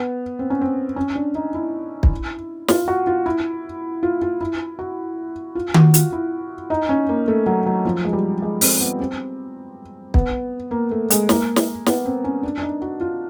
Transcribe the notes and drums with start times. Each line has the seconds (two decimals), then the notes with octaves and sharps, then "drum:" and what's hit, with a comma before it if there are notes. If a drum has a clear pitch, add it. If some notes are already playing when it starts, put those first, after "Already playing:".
Already playing: B3
0.39 C4
0.50 C#4
0.61 C4
0.96 C#4
1.15 D4
1.35 D#4
1.54 E4
2.03 drum: kick
2.68 F4, drum: snare
2.88 F#4
3.07 F4
3.26 E4
4.03 F4
4.22 F4
4.41 E4
4.79 F#4
5.55 F4
5.74 F#4, drum: tom D#3
5.94 F4, drum: hi-hat
6.12 E4
6.70 D#4
6.89 C#4
7.09 A#3
7.28 A3
7.46 F#3
7.66 F#3
7.85 F3
8.05 G#3
8.13 G3
8.42 G#3
8.61 C4, drum: open hi-hat
8.81 B3
9.00 C4
10.14 B3, drum: kick
10.71 A#3
10.91 A3
11.10 G#3, drum: hi-hat
11.29 A#3, drum: snare
11.56 drum: snare
11.86 B3, drum: snare
12.05 C4
12.24 C#4
12.43 D4
12.58 D4
12.62 D#4
12.82 F#4
13.01 F4